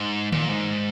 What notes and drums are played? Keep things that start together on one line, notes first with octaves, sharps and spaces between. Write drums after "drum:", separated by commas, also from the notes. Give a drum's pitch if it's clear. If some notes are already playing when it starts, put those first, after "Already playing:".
Already playing: G#2
A#2, drum: tom D3
G#2